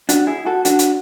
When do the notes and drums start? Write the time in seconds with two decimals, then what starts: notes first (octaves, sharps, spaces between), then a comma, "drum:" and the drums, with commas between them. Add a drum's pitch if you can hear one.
0.09 D4 F#4, drum: hi-hat
0.27 E4 G#4
0.46 F#4 A4
0.65 D4 F#4, drum: hi-hat
0.79 drum: hi-hat